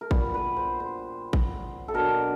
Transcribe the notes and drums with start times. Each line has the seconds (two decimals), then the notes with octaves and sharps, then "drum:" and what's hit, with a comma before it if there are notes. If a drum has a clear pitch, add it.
0.01 A#4
0.11 A#2 G3 B3 B4, drum: kick A1
0.34 B4
0.57 C5
0.80 C5
1.33 drum: kick A1
1.88 A4
1.94 B2 F#3 A#3 D4 A#4